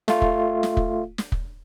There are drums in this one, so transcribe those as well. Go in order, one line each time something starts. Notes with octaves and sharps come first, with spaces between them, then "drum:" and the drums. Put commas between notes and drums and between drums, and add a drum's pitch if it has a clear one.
A3 F4, drum: snare
drum: kick
drum: snare
drum: kick
drum: snare
drum: kick